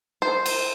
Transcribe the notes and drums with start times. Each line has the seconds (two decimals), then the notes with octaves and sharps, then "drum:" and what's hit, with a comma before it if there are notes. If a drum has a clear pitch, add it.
0.22 C5
0.46 drum: cymbal